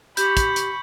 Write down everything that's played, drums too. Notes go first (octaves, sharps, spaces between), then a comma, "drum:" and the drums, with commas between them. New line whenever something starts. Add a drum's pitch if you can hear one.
G4 B5 C#6 G6, drum: hi-hat
drum: kick, hi-hat
drum: hi-hat